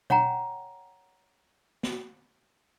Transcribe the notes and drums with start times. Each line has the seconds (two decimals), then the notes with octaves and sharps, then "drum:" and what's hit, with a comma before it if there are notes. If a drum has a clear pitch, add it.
0.10 C#5 F#5 G5 A#5, drum: tom B2
1.83 drum: snare